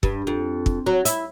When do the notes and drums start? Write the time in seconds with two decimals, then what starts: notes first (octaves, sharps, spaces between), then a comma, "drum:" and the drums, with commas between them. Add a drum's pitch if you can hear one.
0.03 G2, drum: kick
0.27 F2
0.66 drum: kick
0.86 F#3
1.05 E4, drum: hi-hat